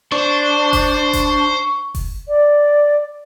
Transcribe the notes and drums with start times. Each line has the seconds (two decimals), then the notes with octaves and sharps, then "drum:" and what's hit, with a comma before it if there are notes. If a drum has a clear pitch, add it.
0.12 D4 C5 C#6
0.73 drum: kick F1, open hi-hat
1.13 drum: kick F1, hi-hat
1.95 drum: kick F1, open hi-hat
2.28 D5